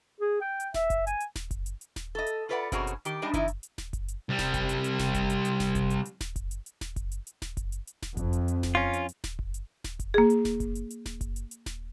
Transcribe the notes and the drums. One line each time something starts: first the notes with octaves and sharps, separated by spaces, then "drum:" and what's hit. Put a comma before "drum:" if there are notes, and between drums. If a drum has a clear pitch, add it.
G#4
G5
drum: hi-hat
E5, drum: snare D#1
drum: kick F#1, hi-hat
G#5, drum: hi-hat
drum: hi-hat
drum: snare D#1
drum: kick F#1, hi-hat
drum: hi-hat
drum: hi-hat
drum: snare D#1
A4 D#5
drum: hi-hat
F4 A4 B4 C#5 D5 F#5
B2 C4 C#4 F#4 G#4 A#5, drum: kick F#1, hi-hat
drum: hi-hat
D#3 G4, drum: hi-hat
G3 G#3 D4 G4 D#5
C3 D#3 D#4 E4, drum: kick F#1, hi-hat
drum: hi-hat
drum: hi-hat
drum: snare D#1
drum: kick F#1, hi-hat
drum: hi-hat
C2 G3
drum: snare D#1
drum: kick F#1, hi-hat
drum: hi-hat
drum: hi-hat
drum: snare D#1
drum: kick F#1, hi-hat
drum: hi-hat
drum: hi-hat
drum: snare D#1
drum: kick F#1, hi-hat
drum: hi-hat
drum: hi-hat
drum: snare D#1
drum: kick F#1, hi-hat
drum: hi-hat
drum: hi-hat
drum: snare D#1
drum: kick F#1, hi-hat
drum: hi-hat
drum: hi-hat
drum: snare D#1
drum: kick F#1, hi-hat
drum: hi-hat
drum: hi-hat
drum: snare D#1
F2, drum: kick F#1, hi-hat
drum: hi-hat
drum: hi-hat
drum: snare D#1
C#4 F4
drum: hi-hat
drum: hi-hat
drum: snare D#1
drum: kick F#1
drum: hi-hat
drum: snare D#1
drum: kick F#1, hi-hat
A#3 G#4
drum: hi-hat
drum: snare D#1
drum: kick F#1, hi-hat
drum: hi-hat
drum: hi-hat
drum: snare D#1
drum: kick F#1, hi-hat
drum: hi-hat
drum: hi-hat
drum: snare D#1